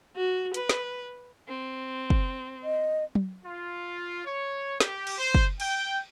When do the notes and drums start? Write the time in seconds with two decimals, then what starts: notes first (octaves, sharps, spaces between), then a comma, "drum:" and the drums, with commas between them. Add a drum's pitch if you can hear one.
0.16 F#4
0.54 B4, drum: hi-hat
0.69 drum: snare
1.48 C4
2.10 drum: kick
2.64 D#5
3.15 drum: tom F#3
3.44 F4
4.25 C#5
4.80 G4, drum: snare
5.07 drum: cymbal
5.18 C5
5.35 drum: kick
5.60 G5, drum: cymbal